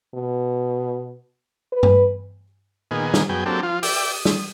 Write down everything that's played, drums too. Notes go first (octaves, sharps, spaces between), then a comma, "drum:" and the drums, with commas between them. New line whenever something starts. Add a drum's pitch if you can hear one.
B2
B4
drum: tom G2
A#2 D#3 B3 G#4
drum: snare
F#2 B3 G#4 G5
F#3 A#3 C4 D4 G4 A4
F3 F4
D5 E5 G5 D6, drum: open hi-hat
D#6
drum: snare